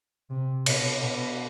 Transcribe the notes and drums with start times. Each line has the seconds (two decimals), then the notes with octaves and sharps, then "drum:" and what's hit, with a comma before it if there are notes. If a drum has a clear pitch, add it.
0.30 C3
0.66 B2, drum: cymbal
1.03 B2